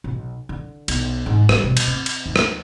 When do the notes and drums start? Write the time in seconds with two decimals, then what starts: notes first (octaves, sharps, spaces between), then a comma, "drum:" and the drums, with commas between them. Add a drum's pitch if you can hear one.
0.04 B1
0.49 D3
0.88 B1, drum: cymbal
1.26 G#2
1.49 G3, drum: rim click
1.64 B2
1.77 drum: cymbal
1.87 C4
2.06 drum: cymbal
2.26 D#2
2.36 drum: rim click